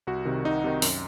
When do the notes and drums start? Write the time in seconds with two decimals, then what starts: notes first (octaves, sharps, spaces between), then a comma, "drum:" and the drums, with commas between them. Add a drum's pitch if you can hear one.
0.07 C2 F#4
0.25 C3 D#3
0.44 C2 D#4
0.64 C3 D#3
0.82 F#2, drum: open hi-hat